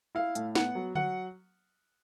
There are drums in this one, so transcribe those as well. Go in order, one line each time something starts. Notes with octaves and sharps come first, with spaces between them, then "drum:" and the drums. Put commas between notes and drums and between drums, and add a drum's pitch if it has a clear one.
E4 F5
A2, drum: hi-hat
B3 F#5, drum: snare
F#3
F#3 F#5, drum: tom D3